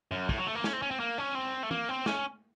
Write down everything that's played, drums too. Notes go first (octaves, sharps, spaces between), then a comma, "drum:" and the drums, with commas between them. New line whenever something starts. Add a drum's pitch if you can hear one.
F#2
A2, drum: kick
F#3
A3
A#3
C#4, drum: snare
C4
C#4
C4
A#3
C#4
C4
A3
A#3, drum: tom E3
C4
C#4, drum: snare